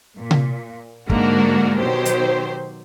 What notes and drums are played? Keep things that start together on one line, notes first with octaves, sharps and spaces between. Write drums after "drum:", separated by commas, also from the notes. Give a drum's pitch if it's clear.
A#2
drum: tom C3
G#2 D3 A#3 D4 F#4 A#4, drum: kick
B2 D#3 F#3 G4 C5
drum: hi-hat